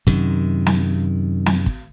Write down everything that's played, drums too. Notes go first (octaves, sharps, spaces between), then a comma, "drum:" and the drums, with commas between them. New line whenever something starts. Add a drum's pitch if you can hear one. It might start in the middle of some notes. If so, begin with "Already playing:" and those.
F#2 C3 D#3, drum: kick
drum: snare
drum: snare
drum: kick